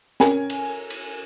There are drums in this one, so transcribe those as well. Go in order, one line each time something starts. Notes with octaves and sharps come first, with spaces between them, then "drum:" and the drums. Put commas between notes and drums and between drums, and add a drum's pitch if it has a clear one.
C#4 A#4 G#5, drum: snare
drum: cymbal
drum: cymbal